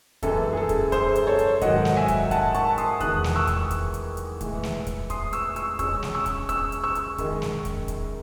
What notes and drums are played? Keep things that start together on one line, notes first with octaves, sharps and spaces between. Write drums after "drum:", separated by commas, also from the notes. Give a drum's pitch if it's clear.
F#2 E3 G#3 A4, drum: kick, hi-hat
G#4
A4
drum: kick, hi-hat
G#4 C5, drum: kick, hi-hat
drum: hi-hat
A4 C#5
drum: hi-hat
G#2 D#3 F#3 D#5 F#5, drum: kick, hi-hat
drum: snare
E5 G#5
drum: kick, hi-hat
F#5 A5, drum: kick, hi-hat
A5 C#6, drum: hi-hat
C6 D#6, drum: hi-hat
E2 D#3 G#3 D#6 F#6, drum: kick, hi-hat
drum: snare
C#6 E6
drum: kick, hi-hat
drum: kick, hi-hat
drum: hi-hat
drum: hi-hat
A2 E3 G#3, drum: kick, hi-hat
drum: snare
drum: kick, hi-hat
C6 D#6, drum: kick, hi-hat
C#6 E6, drum: hi-hat
C#6 E6, drum: hi-hat
C#3 G#3 C#4 C#6 E6, drum: kick, hi-hat
drum: snare
C#6 E6
drum: kick, hi-hat
C#6 E6, drum: kick, hi-hat
drum: hi-hat
C#6 E6
drum: hi-hat
F#2 D#3 G#3, drum: kick, hi-hat
drum: snare
drum: kick, hi-hat
drum: kick, hi-hat